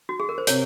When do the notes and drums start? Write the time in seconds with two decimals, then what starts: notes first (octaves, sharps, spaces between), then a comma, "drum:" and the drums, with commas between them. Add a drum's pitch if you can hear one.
0.09 F#4
0.20 G#4
0.29 A#4
0.38 C5
0.47 C3 C#5, drum: hi-hat